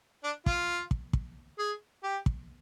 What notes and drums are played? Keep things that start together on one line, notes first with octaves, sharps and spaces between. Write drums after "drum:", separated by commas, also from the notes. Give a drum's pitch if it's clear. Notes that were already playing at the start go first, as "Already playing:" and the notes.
D4
F4, drum: kick
drum: kick
drum: kick
G#4
G4
drum: kick